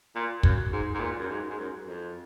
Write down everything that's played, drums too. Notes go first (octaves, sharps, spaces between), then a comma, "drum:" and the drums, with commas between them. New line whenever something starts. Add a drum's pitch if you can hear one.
A#2
F#2, drum: kick
G#2
G#2
A#2
F#2
G#2
G#2
F#2
F2